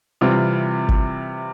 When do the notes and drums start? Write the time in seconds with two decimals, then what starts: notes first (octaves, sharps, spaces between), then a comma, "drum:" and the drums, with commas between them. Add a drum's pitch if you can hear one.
0.21 C3 E3 G3 C4 F4
0.89 drum: kick G#1